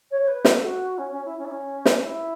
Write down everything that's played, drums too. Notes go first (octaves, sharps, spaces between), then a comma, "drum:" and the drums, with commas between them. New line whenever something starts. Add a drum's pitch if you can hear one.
C#5
C#5
B4
F#4, drum: snare
A4
F#4
C#4
C#4
E4
C#4
E4
C#4
drum: snare
C#4
E4